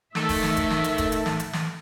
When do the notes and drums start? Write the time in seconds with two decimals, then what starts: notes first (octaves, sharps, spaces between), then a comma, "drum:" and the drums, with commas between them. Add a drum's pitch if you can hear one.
0.15 A2 D#3 A3 A4 E5 E6, drum: snare
0.29 drum: kick E1, open hi-hat
0.43 drum: snare
0.57 drum: kick E1, hi-hat
0.70 drum: snare
0.84 drum: hi-hat
0.98 drum: kick E1, hi-hat
1.12 drum: hi-hat
1.26 drum: snare
1.40 drum: hi-hat
1.53 drum: snare